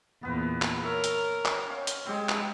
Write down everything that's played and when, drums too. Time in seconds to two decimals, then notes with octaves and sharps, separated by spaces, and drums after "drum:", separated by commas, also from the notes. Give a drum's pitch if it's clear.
0.23 E2 A#2 B3 B4 C5
0.62 drum: clap
0.83 A#4 C#5 E5 C#6
1.04 drum: hi-hat
1.46 drum: clap
1.66 C#4 C5 F5
1.87 drum: hi-hat
2.06 G#3 C4 G4 G#4
2.29 drum: clap